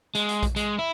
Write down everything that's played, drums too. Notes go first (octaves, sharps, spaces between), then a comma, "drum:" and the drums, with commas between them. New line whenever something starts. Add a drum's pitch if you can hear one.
G#3, drum: hi-hat
drum: hi-hat
drum: kick A#1, hi-hat
G#3, drum: hi-hat
E4